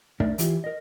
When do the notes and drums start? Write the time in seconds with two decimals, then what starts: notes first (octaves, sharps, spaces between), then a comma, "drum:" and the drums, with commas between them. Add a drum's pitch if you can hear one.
0.20 A3 D4 D#4 A#4 D5 E5, drum: kick
0.38 E3 E4 F4 G4, drum: hi-hat
0.64 A#4 D#5